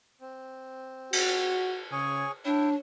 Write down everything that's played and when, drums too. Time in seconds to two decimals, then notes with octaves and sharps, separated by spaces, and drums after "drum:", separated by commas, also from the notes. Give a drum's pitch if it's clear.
0.21 C4
1.13 F#4, drum: cymbal
1.92 C#3 G#4 C#5 G#5
2.45 D4 E4 C#5 G5